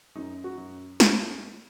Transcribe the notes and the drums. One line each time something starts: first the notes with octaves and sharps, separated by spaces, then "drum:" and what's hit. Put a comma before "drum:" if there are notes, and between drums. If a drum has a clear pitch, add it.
F#2 D#4
F#4
F#2
drum: snare